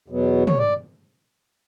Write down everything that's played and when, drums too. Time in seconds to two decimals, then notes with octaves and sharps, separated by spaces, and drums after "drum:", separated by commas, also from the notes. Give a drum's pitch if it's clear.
0.08 E2 B2 F#3 B3
0.47 C#5, drum: tom
0.58 D5